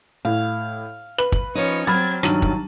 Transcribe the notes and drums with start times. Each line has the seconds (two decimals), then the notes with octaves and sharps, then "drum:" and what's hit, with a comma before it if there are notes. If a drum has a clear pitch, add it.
0.25 A2 F5
1.18 B4 F#7
1.32 drum: kick
1.55 F3 C#4 D#4 C#5
1.87 F#3 C4 B5 F6 G#6 A6
2.23 G2 D#3 F#3 A5 D#7 F#7, drum: rim click
2.42 drum: kick